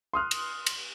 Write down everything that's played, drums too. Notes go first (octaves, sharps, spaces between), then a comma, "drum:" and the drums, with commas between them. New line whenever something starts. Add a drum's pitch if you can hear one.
C6 D#6 F6 F#6
drum: cymbal
drum: cymbal